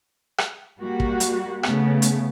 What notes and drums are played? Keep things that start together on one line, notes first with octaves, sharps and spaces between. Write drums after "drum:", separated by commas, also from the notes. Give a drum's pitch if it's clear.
drum: rim click
G3 A#3 F#4
drum: kick
drum: hi-hat
C#3 A3 B3, drum: rim click
drum: hi-hat